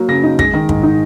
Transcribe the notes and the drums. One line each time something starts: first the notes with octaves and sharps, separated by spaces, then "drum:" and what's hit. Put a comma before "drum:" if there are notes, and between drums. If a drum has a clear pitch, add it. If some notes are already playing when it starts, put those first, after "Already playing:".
Already playing: F#3 A#3
C#3 A#6
D#4
G#3 A#6, drum: kick
D#3
G#2, drum: kick
D#4